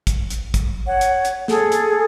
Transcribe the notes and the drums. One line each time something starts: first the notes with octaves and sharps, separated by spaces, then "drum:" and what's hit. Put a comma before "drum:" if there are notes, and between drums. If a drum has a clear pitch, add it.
drum: kick, hi-hat
drum: hi-hat
drum: kick, hi-hat
C#5 F#5
drum: hi-hat
drum: hi-hat
G#4 A4, drum: snare
drum: hi-hat